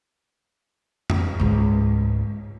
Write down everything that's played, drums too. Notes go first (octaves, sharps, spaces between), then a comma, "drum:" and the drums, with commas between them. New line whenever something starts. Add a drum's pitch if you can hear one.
drum: tom F2
C#2 G#2